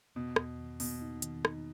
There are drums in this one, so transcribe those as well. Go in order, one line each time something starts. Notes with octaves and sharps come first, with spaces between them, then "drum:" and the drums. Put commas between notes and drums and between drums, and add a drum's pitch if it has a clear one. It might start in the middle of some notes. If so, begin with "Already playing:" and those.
E2 B2
E2, drum: rim click
D#3
B2 A#3, drum: open hi-hat
D#4
D#3, drum: hi-hat
D#4, drum: rim click